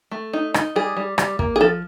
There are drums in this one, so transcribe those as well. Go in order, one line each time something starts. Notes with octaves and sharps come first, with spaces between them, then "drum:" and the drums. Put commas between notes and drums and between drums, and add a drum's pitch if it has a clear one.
A3
D#4
D#4, drum: rim click
G3 G#4
G3
G3, drum: rim click
A#3, drum: kick
G#4
F3 A4